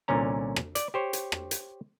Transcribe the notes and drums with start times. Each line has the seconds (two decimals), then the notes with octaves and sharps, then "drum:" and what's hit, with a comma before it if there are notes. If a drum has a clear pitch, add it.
0.08 C2 A#2 D3 C#4 A#5
0.56 drum: rim click
0.75 D5, drum: hi-hat
0.94 G4 C5 C#5
1.13 drum: hi-hat
1.32 drum: rim click
1.51 drum: hi-hat